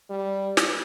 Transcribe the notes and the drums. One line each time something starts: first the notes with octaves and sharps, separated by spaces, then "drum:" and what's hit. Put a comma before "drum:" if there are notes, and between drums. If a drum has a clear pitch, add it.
G3
drum: snare